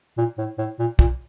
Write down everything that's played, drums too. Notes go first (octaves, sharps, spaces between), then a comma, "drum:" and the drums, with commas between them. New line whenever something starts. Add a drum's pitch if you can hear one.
A#2
A2
A2
A#2
A#2, drum: kick